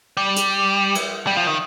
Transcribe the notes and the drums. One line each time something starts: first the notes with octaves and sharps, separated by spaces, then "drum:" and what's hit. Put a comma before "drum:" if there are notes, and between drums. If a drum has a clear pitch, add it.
G3
drum: hi-hat
drum: cymbal
G3
F3
D#3